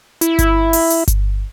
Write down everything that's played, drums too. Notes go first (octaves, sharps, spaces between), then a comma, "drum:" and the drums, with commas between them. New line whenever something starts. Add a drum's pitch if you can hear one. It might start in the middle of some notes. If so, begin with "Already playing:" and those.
E4, drum: hi-hat
drum: kick G1, hi-hat
drum: open hi-hat
drum: hi-hat
drum: kick G1, hi-hat